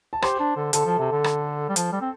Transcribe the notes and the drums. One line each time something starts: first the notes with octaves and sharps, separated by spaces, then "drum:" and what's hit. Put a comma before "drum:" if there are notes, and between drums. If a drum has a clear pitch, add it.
A5
G4 C5 C6, drum: rim click
D4
D3
D3 A4 A5, drum: hi-hat
F3
C3
D3
drum: rim click
G3
F3, drum: hi-hat
G3
C4